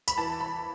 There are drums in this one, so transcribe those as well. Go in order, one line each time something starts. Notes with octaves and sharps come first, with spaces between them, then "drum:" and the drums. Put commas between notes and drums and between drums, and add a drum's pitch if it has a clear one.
B5, drum: tambourine
E3 A5
B5